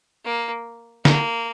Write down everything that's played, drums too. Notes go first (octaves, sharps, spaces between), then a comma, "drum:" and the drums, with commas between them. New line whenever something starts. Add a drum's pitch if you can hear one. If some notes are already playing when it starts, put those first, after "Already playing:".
A#3
A#3, drum: snare